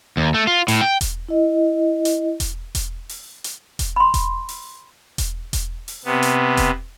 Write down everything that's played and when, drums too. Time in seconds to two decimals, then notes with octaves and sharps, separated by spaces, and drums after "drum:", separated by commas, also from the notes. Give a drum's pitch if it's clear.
0.17 D#2
0.34 A3
0.47 F4
0.68 A2, drum: hi-hat
0.81 G5
1.01 drum: kick E1, hi-hat
1.28 E4 D#5
2.05 drum: hi-hat
2.40 drum: kick E1, hi-hat
2.75 drum: kick E1, hi-hat
3.09 drum: open hi-hat
3.44 drum: hi-hat
3.79 drum: kick E1, hi-hat
3.96 B5 C6
4.14 drum: kick E1, hi-hat
4.49 drum: open hi-hat
5.18 drum: kick E1, hi-hat
5.53 drum: kick E1, hi-hat
5.88 drum: open hi-hat
6.05 C3 B3
6.22 drum: hi-hat
6.57 drum: kick E1, hi-hat